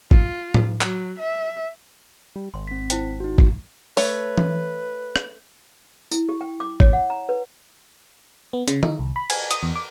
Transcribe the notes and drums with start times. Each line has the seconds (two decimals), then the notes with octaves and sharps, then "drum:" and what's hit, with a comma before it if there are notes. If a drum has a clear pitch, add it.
0.11 F4, drum: kick
0.54 drum: tom A2
0.81 F#3, drum: clap
1.19 E5
2.36 G3
2.54 G#1 C6
2.67 C4 B6
2.90 E4 C5 G5, drum: hi-hat
3.20 D#4 F#4
3.38 drum: kick
3.97 A3 B4 C#5, drum: open hi-hat
4.38 drum: tom E3
5.16 drum: rim click
6.11 E4, drum: tambourine
6.29 G4
6.41 G5
6.60 D6
6.80 C#5, drum: kick
6.93 F#5
7.10 A#5
7.29 B4
8.53 B3
8.68 C#3, drum: hi-hat
8.83 D#4, drum: tom
8.99 C2
9.16 B5
9.30 G#5, drum: cymbal
9.51 D#6, drum: hi-hat
9.63 E2
9.76 D6